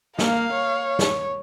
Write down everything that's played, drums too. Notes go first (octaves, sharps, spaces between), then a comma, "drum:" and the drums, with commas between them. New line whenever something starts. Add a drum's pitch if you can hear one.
A#3 F5, drum: snare
C#5
drum: snare